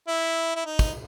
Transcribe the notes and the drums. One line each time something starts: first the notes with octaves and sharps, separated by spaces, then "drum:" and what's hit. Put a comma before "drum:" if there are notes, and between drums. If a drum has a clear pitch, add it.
E4
E4
D#4
drum: kick, tambourine